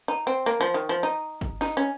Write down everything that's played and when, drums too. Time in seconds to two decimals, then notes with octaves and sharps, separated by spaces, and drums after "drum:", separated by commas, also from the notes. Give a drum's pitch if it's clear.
0.08 D#4
0.27 C4
0.46 A#3
0.61 F3
0.74 D#3
0.89 F3
1.03 D#4
1.41 drum: kick G#1
1.61 D#4, drum: snare
1.77 C#4